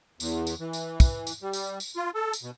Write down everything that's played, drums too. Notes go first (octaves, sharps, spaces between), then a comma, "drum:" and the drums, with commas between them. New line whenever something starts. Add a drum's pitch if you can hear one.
E2, drum: tambourine
drum: tambourine
E3
drum: tambourine
drum: kick, tambourine
drum: tambourine
G3
drum: tambourine
drum: tambourine
F4
A4
drum: tambourine
B2